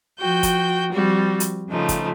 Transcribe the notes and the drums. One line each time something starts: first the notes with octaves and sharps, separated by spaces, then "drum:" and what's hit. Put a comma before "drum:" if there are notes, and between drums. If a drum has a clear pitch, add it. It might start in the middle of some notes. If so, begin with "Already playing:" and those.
F3 F#4 G5 G6
drum: kick, hi-hat
F3 G3 C4 F#4
drum: hi-hat
C#3 F3 A3 D#4
drum: kick, hi-hat